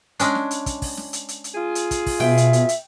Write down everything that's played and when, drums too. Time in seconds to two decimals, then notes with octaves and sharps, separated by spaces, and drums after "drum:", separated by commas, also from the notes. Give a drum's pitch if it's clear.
0.20 G#3 C#4 D4, drum: hi-hat
0.35 drum: snare
0.51 drum: hi-hat
0.66 drum: kick, hi-hat
0.82 drum: kick, open hi-hat
0.97 drum: snare
1.13 drum: hi-hat
1.29 drum: hi-hat
1.44 drum: hi-hat
1.55 F4 G#4
1.75 drum: hi-hat
1.91 drum: kick, hi-hat
2.06 drum: kick, open hi-hat
2.20 B2 E5 G5, drum: snare
2.38 drum: hi-hat
2.53 drum: hi-hat
2.69 drum: hi-hat